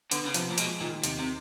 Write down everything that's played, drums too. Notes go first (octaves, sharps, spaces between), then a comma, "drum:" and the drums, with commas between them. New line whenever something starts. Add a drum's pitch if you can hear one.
D3 B3, drum: hi-hat
C#3
C3 F3, drum: hi-hat
A#2
B2 G#3, drum: hi-hat
A#2 D#3
D#2 C3, drum: hi-hat
C3